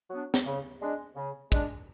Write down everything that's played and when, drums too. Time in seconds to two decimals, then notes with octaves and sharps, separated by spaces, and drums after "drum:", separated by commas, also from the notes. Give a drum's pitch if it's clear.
0.10 F#3 B3 D4
0.34 drum: snare
0.46 C#3
0.81 G#3 D4
1.16 C#3
1.52 G#3 D4, drum: kick